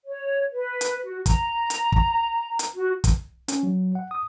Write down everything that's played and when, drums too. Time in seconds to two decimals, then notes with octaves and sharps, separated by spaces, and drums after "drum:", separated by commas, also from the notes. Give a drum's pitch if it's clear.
0.06 C#5
0.52 B4
0.81 drum: hi-hat
1.02 F#4
1.26 A#5, drum: kick, hi-hat
1.70 drum: hi-hat
1.92 drum: kick
2.59 drum: hi-hat
2.75 F#4
3.04 drum: kick, hi-hat
3.48 C#4, drum: hi-hat
3.63 F#3
3.95 F#5
4.11 D#6